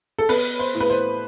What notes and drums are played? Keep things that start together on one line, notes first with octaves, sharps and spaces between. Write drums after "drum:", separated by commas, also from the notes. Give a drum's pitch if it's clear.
A4
B3 B4, drum: open hi-hat
C5
A2
B4
C5